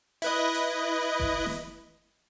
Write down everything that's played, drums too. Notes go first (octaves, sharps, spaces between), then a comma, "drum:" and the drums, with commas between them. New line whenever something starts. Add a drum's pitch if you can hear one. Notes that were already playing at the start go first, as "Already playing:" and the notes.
E4 B4 D#5, drum: hi-hat
drum: hi-hat
drum: kick F#1
drum: snare